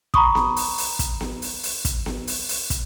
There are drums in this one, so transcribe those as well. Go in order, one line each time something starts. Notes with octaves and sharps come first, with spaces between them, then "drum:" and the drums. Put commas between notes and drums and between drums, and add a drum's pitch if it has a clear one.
A#5 B5 C#6 D#6, drum: kick
drum: snare B3
drum: open hi-hat
drum: open hi-hat
drum: kick, hi-hat
drum: snare B3
drum: open hi-hat
drum: open hi-hat
drum: kick, hi-hat
drum: snare B3
drum: open hi-hat
drum: open hi-hat
drum: kick, hi-hat